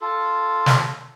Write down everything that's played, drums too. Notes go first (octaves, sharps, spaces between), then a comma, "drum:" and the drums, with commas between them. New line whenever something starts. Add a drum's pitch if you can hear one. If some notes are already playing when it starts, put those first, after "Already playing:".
F4 A4
drum: snare